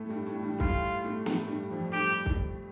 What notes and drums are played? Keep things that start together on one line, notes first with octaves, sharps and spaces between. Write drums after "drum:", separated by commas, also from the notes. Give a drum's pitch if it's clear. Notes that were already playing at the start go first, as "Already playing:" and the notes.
Already playing: A2 A3
G2 G3
A2 A3
G2 G3
A2 A3 F4, drum: kick C2
A2 A3
A2 A3, drum: snare
G2 G3
F2 F3
G2 G3 G4
drum: kick C2